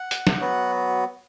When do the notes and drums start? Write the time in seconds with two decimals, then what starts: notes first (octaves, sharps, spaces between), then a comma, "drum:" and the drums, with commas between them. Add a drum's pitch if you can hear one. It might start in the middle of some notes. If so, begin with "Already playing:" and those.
Already playing: F#5
0.11 drum: hi-hat
0.27 drum: snare
0.40 F#3 B3 F#4